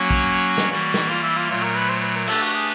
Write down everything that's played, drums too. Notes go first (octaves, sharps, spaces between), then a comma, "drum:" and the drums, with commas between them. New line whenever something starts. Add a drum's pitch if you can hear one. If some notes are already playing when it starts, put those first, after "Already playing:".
Already playing: F#3 A#3 C#4 F#4
drum: kick
drum: snare
E3 G3 A#3 F#4
drum: snare
F4
E4
F4
A#2 F#3 A3 F4
A#4
B4
C5
B4
A#4
A3 D4 G4 A4 B4, drum: cymbal
F#4
G#4